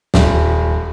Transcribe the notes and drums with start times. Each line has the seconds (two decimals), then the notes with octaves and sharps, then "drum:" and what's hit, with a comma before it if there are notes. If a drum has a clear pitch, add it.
0.14 D#1, drum: snare